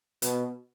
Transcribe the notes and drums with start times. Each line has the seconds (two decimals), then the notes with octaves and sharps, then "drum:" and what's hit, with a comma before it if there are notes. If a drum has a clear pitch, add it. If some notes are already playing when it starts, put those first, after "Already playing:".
0.22 B2, drum: hi-hat